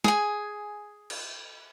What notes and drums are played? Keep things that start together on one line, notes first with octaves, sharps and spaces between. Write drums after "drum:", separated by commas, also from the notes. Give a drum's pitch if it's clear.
G#4 G#5, drum: snare
drum: cymbal